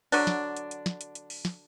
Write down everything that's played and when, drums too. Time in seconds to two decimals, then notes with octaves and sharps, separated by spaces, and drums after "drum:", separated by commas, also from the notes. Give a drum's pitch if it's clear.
0.12 D3 F#3 D4, drum: open hi-hat
0.27 drum: snare
0.56 drum: hi-hat
0.71 drum: hi-hat
0.86 drum: snare
1.01 drum: hi-hat
1.15 drum: hi-hat
1.30 drum: open hi-hat
1.45 drum: snare